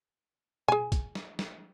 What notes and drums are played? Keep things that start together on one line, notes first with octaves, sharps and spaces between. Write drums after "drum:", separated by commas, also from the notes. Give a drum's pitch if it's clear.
G#4 G#5, drum: tom B2
drum: kick B1, hi-hat
drum: snare
drum: snare